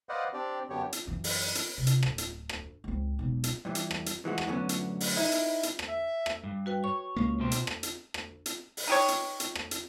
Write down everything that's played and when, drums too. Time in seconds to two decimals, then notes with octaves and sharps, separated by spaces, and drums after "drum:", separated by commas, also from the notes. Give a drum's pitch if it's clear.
0.09 B4 C5 D5 D#5 F5 F#5
0.34 C4 D4 G4 D5
0.70 F#2 D3 B3 G4 C#5
0.93 drum: hi-hat
1.07 F#2 E3
1.24 drum: open hi-hat
1.55 drum: hi-hat
1.78 C3
1.87 drum: hi-hat
2.03 D1, drum: rim click
2.18 drum: hi-hat
2.49 drum: rim click
2.84 C#2 C4
3.19 E1 B1
3.44 drum: hi-hat
3.65 G2 E3
3.75 drum: hi-hat
3.91 drum: rim click
4.06 drum: hi-hat
4.25 E3 G#3 F#4
4.38 drum: rim click
4.47 F#2 A2 D3 F#3 B3 C#4
4.69 drum: hi-hat
5.00 drum: open hi-hat
5.16 D#4 E4
5.32 drum: hi-hat
5.63 drum: hi-hat
5.79 drum: rim click
5.88 E5
6.26 drum: rim click
6.44 G2
6.66 F#4 B4 G5
6.84 C#5 C#6
7.16 C#2 A#3
7.40 B2 G4 C5
7.51 drum: hi-hat
7.67 drum: rim click
7.83 drum: hi-hat
8.14 drum: rim click
8.46 drum: hi-hat
8.77 drum: open hi-hat
8.87 D#4 G4 C#5
9.08 drum: hi-hat
9.40 drum: hi-hat
9.55 drum: rim click
9.71 drum: hi-hat